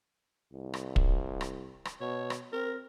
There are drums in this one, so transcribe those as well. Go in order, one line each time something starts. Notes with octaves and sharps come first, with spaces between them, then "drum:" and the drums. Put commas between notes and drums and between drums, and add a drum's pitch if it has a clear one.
C2
drum: rim click
drum: kick
drum: rim click
drum: rim click
B2 C#5
drum: rim click
C4 A#4